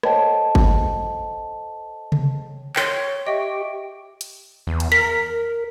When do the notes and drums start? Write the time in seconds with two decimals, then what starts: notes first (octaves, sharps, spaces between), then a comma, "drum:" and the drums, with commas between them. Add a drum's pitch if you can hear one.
0.03 A4 C5 C#5 D#5 G5 A5, drum: rim click
0.55 drum: kick G1
2.12 drum: tom C3
2.76 C#5 G5 C6, drum: clap
3.27 G4 D#5 E5 G5 C#6
4.21 drum: hi-hat
4.67 E2
4.80 drum: hi-hat
4.92 A#4 B6